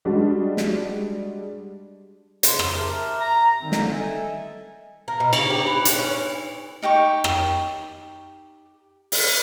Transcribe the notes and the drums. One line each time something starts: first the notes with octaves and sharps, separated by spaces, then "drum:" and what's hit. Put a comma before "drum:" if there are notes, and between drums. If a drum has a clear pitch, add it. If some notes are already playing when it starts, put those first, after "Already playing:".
G3 G#3 D4 F#4
drum: snare
C#3 C5 C6, drum: hi-hat
drum: rim click
G4 A#4 E5 A5 A#5
A#5
D3 D#3 G3 C4 D#4
drum: snare
A4 D#5 E5 G#5
A#4
B2
C#3, drum: cymbal
G4
B4
B4, drum: hi-hat
C#4
D#4 G4 G5 C#6
drum: rim click
drum: open hi-hat